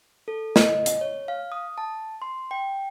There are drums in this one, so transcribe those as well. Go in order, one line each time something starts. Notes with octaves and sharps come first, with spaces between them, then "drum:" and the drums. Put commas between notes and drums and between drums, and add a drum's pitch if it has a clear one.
A4
D#5, drum: snare
drum: hi-hat
C#5
F5
D#6
A5
C6
G5